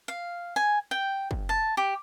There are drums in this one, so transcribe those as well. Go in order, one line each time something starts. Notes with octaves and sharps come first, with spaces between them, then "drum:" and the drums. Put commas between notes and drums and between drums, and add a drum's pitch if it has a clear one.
F5
G#5
G5
drum: kick
A5
G4